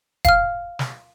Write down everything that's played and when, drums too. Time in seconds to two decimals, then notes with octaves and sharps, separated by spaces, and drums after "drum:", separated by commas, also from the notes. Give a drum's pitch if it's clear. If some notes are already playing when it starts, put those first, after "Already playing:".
0.25 F5 F6, drum: kick E1, hi-hat
0.79 drum: snare